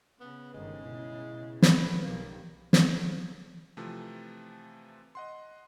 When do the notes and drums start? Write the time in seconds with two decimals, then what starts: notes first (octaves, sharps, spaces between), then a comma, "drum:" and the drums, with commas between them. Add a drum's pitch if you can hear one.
0.20 C#3 B3
0.54 G1 A2 C3 D#3 G#3
0.84 B2 E4
1.62 B4, drum: snare
2.04 B1 D#3 G3 A#3 C#4
2.73 drum: snare
3.77 C3 E3 F3 A3
5.15 D#5 F#5 C6